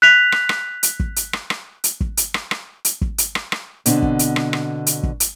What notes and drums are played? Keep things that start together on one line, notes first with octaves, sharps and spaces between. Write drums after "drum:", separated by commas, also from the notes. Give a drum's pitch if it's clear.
F#6 B6 F7
drum: rim click
drum: rim click
drum: hi-hat
drum: kick
drum: hi-hat
drum: rim click
drum: rim click
drum: hi-hat
drum: kick
drum: hi-hat
drum: rim click
drum: rim click
drum: hi-hat
drum: kick
drum: hi-hat
drum: rim click
drum: rim click
B2 D3 C4, drum: hi-hat
drum: kick
drum: hi-hat
drum: rim click
drum: rim click
drum: hi-hat
drum: kick
drum: hi-hat